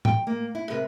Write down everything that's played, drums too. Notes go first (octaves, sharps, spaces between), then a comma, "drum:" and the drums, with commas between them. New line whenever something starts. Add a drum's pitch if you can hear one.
G5, drum: tom A2
A#3
E4
C3 A#4 B4